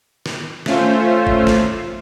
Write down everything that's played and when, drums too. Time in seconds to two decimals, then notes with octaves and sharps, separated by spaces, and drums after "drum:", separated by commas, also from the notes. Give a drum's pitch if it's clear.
0.26 drum: snare
0.66 A3 C#4 F4 C5 E5, drum: snare
1.27 drum: kick F#1
1.47 drum: snare